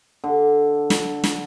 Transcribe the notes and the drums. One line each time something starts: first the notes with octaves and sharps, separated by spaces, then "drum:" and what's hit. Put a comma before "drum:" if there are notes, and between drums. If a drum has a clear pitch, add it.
D3
drum: snare
drum: snare